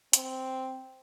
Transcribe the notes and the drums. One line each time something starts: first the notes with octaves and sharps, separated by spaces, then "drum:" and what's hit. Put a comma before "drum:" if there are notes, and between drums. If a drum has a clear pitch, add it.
C4, drum: hi-hat